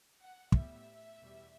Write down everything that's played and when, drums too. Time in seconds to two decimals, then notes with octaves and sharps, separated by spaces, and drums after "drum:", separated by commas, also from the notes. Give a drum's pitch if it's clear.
0.20 F#5
0.52 A2 G3 B3 E5, drum: kick
1.20 E2 B2 G3